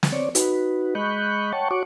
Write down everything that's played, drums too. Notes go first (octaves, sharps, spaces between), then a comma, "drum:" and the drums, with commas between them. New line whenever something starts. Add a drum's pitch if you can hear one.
drum: snare
C4 C#5 D5
D#4 F#4 B4, drum: hi-hat
G#3 D#5 B5 C#6 F#6 G6
C#5 F#5 G5 A5 C#6
F#4 C#5 F#5 C#6 D6